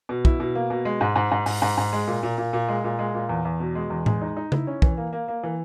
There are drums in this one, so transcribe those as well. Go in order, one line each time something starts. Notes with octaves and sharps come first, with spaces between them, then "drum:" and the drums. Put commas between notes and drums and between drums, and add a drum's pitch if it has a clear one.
B2
E4, drum: kick
B2
A#3
B2
G#3
G#2
G#2
G#2
G#2, drum: open hi-hat
G#2
G#2
G#3
A#2
A#2
A#2
A#2
G#3
A#2
G#3
A#2
E2
E2
B2
G#3
E2
G#3, drum: tom A2
D#4
D#4
E4, drum: tom C#3
C#4
E3, drum: kick
A#3
A#3
A#3
E3